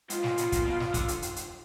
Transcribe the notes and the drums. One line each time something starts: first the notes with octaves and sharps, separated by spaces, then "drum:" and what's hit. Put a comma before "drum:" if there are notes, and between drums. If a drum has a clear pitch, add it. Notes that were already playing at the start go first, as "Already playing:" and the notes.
G#2 F4, drum: hi-hat
A#2, drum: snare
B2, drum: hi-hat
A#2, drum: kick, hi-hat
B2
drum: snare
D3, drum: kick, hi-hat
drum: hi-hat
drum: hi-hat
drum: hi-hat